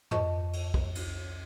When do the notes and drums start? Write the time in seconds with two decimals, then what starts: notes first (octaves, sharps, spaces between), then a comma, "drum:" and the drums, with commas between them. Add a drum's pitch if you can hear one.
0.11 F2 D#5 A5 C#6, drum: tom
0.53 drum: cymbal
0.74 drum: kick C2
0.95 drum: cymbal